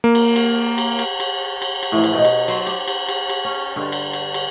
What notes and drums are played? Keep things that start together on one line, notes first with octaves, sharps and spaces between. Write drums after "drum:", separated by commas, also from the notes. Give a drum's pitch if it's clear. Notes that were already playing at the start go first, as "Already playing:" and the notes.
A#3
drum: cymbal
drum: cymbal
drum: cymbal
drum: cymbal
drum: cymbal
drum: cymbal
drum: cymbal
A2 E3 F3
drum: cymbal
B2 D#4
drum: cymbal
F#3 C5 F5, drum: cymbal
G4, drum: cymbal
drum: cymbal
drum: cymbal
drum: cymbal
C#4
G2 D3
drum: cymbal
drum: cymbal
drum: cymbal